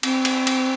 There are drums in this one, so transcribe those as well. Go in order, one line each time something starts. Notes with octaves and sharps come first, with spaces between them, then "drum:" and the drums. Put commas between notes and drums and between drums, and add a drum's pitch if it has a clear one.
C4, drum: cymbal
drum: cymbal
drum: cymbal